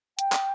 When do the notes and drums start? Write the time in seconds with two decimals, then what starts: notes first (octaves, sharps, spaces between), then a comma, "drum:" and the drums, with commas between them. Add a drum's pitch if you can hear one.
0.19 G5, drum: hi-hat
0.32 drum: clap